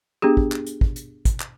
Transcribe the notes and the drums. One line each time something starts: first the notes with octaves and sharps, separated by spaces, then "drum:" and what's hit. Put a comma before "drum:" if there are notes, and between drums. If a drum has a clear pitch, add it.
B3 D4 G4 G#4
drum: kick
drum: clap
drum: hi-hat
drum: kick
drum: hi-hat
drum: kick, hi-hat
drum: clap